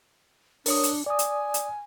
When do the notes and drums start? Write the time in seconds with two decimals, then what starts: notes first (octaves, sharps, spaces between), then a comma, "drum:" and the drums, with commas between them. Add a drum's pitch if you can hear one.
0.66 D4 A#4 C#5 D#6, drum: open hi-hat
0.83 drum: hi-hat
1.06 D5 G#5 D#6
1.19 drum: hi-hat
1.54 drum: hi-hat